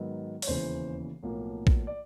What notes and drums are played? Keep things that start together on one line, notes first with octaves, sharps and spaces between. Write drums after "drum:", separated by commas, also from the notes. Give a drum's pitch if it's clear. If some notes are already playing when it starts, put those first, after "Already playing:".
Already playing: G#2 D#3 F#3 B3
C#5, drum: open hi-hat
E1 D#2 C#3 E3 C5
B1 A2 F3 A#3
drum: kick
D5